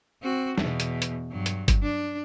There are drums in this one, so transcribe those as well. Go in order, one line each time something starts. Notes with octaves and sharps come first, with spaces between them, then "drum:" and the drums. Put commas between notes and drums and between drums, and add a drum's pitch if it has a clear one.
C4 F#4
E2 B2, drum: snare
drum: hi-hat
drum: hi-hat
G2 F#3
drum: hi-hat
drum: kick G1, hi-hat
D4